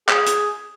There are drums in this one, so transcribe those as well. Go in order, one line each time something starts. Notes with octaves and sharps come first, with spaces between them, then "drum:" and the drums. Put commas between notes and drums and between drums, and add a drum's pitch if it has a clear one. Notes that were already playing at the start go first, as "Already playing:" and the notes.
G#4, drum: clap
drum: hi-hat